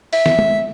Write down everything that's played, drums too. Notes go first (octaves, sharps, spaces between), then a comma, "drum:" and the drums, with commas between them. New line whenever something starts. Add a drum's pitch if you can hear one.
E5, drum: open hi-hat
drum: snare
drum: tom